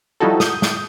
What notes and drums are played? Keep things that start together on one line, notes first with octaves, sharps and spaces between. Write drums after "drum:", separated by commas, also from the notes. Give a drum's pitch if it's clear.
F3 G3 D#4 E4 F#4 A4
D#6 G6, drum: snare
drum: snare